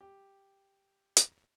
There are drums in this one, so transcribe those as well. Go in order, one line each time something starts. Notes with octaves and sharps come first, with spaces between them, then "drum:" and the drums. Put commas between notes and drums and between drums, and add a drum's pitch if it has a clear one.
G4
drum: hi-hat